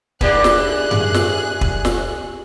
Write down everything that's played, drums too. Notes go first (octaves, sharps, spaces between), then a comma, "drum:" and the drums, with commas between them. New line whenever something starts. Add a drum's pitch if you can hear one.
D#3 A#3 D4 E4 G4 G#4 D5 F#6, drum: kick
drum: snare
drum: tom F#2
drum: snare
drum: kick
drum: snare